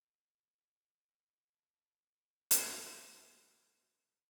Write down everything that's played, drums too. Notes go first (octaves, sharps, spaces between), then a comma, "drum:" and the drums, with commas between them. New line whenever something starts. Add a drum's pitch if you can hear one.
D#4 G#4 G#6
C5 D5 G#5 B5 D6
D6 F6 F#6
E5 A5 B5 C#6
drum: hi-hat